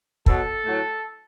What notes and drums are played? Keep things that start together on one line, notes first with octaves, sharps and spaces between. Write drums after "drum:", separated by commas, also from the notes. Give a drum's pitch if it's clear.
B2 F#3 A4, drum: kick
A2 F#3